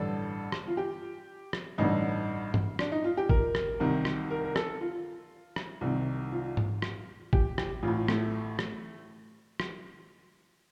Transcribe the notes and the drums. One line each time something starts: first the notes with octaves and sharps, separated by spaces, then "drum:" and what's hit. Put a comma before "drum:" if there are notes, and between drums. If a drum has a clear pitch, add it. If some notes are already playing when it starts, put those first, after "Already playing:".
Already playing: A1 G2 D3 A4
drum: rim click
F4
G4
drum: rim click
A1 G2 D3 D#4
drum: tom G2
D4, drum: rim click
D#4
F4
G4
A#4, drum: kick G#1
drum: rim click
C2 C3 D#3
drum: rim click
A#4
A#4
A4, drum: rim click
F4
drum: rim click
C2 C3 D#3
F4
drum: tom G#2
drum: rim click
G4, drum: kick G#1
G4, drum: rim click
A1 A2 F4
A3, drum: rim click
drum: rim click
drum: rim click